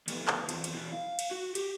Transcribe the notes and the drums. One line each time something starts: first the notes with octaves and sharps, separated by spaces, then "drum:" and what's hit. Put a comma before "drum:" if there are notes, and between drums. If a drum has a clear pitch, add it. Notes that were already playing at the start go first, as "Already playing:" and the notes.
D2 B3, drum: cymbal
drum: clap
E2 F3, drum: cymbal
drum: cymbal
B2 E3
F5
drum: cymbal
F#4
G4, drum: cymbal